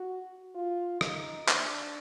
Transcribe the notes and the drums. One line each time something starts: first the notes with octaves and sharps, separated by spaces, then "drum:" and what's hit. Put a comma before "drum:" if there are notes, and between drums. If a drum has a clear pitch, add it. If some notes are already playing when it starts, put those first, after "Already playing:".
Already playing: F#4
F4
D#4, drum: rim click
D4, drum: clap